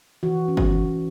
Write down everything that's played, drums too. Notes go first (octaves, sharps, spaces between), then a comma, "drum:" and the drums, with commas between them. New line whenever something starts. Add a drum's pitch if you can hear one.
E3 F#4
C#4
drum: kick G1
E3